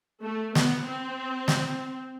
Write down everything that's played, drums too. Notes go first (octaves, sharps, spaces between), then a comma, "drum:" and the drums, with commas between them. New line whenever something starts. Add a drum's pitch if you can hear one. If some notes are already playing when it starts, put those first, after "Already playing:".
A3
B3, drum: snare
C4
drum: snare